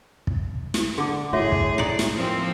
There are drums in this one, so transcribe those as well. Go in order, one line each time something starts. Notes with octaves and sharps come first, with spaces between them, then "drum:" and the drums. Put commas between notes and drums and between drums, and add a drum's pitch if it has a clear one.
drum: kick
drum: snare
D3 G#4 D6
A2 F#4 G#4 C#5 E5
drum: kick
D#4 D5
drum: snare
F3 A#3 C4